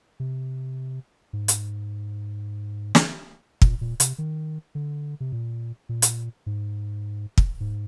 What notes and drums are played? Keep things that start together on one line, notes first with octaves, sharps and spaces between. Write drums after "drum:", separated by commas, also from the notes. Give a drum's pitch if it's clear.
C3
G#2
drum: hi-hat
drum: snare
A#2, drum: kick
A#2
C3, drum: hi-hat
D#3
D3
C3
A#2
A#2
drum: hi-hat
G#2
drum: kick
G#2